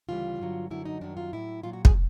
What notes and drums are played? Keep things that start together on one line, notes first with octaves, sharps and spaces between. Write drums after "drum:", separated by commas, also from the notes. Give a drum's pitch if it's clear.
D2 C#3 E3 G3 F4
G2 D3 F#3
F#2 D3 F#3 E4
D#4
F#2 D#3 F#3 D4
F4
A2 F#3 E4
A#2 F#3 F4
F#4
G#4, drum: kick